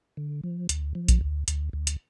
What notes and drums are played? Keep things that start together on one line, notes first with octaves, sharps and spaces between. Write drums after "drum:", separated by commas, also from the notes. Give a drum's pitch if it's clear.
D3
F3
D2, drum: hi-hat
F3
drum: kick A#1, hi-hat
D2
D2, drum: hi-hat
D2
drum: hi-hat